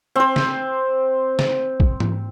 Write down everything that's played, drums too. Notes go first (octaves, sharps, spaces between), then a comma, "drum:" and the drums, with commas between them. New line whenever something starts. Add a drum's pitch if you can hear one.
C4 C5
drum: snare
drum: snare
drum: kick
drum: tom G#2